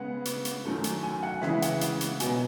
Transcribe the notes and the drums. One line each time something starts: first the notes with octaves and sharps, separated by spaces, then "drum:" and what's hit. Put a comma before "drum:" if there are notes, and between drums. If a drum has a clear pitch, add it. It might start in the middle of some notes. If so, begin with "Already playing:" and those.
Already playing: C#3 G#3 B3 F#5
drum: hi-hat
drum: hi-hat
F#2 D#3 F#3 A3
drum: hi-hat
G#5
F#5
C#3 E3 G#3 E5, drum: snare
F#5, drum: hi-hat
drum: hi-hat
drum: hi-hat
B2 F#3 B3 G#5, drum: hi-hat